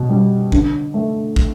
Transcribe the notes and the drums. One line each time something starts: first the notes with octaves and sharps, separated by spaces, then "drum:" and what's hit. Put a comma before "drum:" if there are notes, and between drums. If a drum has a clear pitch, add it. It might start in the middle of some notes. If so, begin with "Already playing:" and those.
Already playing: B2
G3
D3, drum: kick
A3
drum: kick